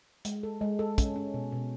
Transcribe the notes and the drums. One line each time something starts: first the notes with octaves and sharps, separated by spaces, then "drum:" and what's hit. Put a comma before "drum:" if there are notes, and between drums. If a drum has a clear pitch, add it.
G#3, drum: hi-hat
A4
G#3
A4
C#4, drum: kick, hi-hat
C#4
B2
B2